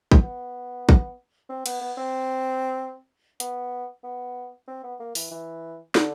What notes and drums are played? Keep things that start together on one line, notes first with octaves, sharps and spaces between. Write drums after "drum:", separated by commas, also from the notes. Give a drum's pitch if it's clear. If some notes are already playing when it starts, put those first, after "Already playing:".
drum: kick
B3
drum: kick
C4
B3, drum: cymbal
B3
C4
B3, drum: hi-hat
B3
C4
B3
A#3
E3, drum: open hi-hat
E3
D3, drum: snare